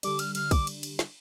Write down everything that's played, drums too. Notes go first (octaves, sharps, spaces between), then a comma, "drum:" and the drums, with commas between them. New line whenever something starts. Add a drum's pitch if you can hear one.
D3 G3 D4 D6, drum: cymbal
F6, drum: cymbal
F6, drum: cymbal
D6, drum: kick, cymbal
drum: cymbal
drum: cymbal
drum: snare